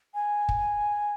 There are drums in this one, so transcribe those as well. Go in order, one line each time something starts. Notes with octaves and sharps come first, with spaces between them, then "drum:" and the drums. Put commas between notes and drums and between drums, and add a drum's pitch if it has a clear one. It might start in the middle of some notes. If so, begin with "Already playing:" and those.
G#5
drum: kick